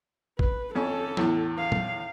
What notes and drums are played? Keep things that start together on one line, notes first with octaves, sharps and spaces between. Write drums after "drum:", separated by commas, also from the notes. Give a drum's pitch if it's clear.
B4, drum: kick A1
F2 C#4 A4
E2 A2, drum: snare F#3
F5
drum: tom